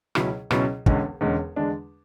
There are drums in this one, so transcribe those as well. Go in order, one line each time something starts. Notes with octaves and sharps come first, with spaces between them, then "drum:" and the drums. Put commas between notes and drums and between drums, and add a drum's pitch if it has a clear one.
C#2 B2 F#3 C#4 E4, drum: rim click
C#2 B2 F#3 C#4 E4, drum: rim click
E1 E2 D3 G#3 C#4, drum: kick
E1 E2 D3 G#3 C#4
E2 D3 G#3 D4